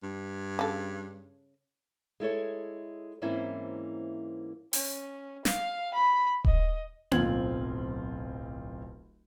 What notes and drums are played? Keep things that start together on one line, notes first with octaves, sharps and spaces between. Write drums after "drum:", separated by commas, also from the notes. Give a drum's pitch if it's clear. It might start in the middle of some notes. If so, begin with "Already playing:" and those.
G2
C#3 A4
G#3 E4 A4 C#5
G#2 E3 A#3 C4 C#4 E4
C#4, drum: open hi-hat
F5, drum: snare
B5
D#5, drum: kick D#1
D1 B1 C4 F4 G#6 F#7, drum: tom A#3